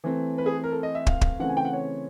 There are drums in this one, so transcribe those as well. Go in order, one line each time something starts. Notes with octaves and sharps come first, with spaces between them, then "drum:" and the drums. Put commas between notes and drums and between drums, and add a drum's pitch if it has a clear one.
E3 A3 C4
B4
G#4
A#4
A4
D#5
E5
F5, drum: kick
drum: kick
C#3 E3 A3 C4 F#5
G#5
G5
F#5
C#5